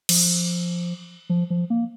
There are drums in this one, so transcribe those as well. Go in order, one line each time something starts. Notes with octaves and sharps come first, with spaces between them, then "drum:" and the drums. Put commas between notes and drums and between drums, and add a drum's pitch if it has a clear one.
F3, drum: cymbal
F3
F3
A#3